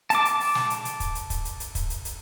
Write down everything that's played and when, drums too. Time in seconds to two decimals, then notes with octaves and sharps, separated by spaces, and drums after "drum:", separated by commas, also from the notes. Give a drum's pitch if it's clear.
0.10 A5 D6, drum: hi-hat
0.25 drum: hi-hat
0.40 drum: open hi-hat
0.55 drum: snare
0.70 drum: hi-hat
0.85 drum: hi-hat
1.00 drum: kick, hi-hat
1.15 drum: hi-hat
1.30 drum: kick, hi-hat
1.45 drum: hi-hat
1.60 drum: hi-hat
1.75 drum: kick, hi-hat
1.90 drum: hi-hat
2.05 drum: hi-hat